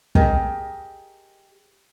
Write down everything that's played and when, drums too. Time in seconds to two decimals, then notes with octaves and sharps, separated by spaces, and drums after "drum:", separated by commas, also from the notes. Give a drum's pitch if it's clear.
0.15 G4 G#4 A#4 D#5, drum: kick